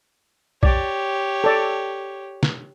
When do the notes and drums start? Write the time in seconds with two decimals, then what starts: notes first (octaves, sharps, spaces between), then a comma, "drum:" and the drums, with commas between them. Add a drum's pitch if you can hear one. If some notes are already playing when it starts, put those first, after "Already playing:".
0.63 G4 C#5 D5, drum: kick B1
1.44 A4 D5
2.43 drum: snare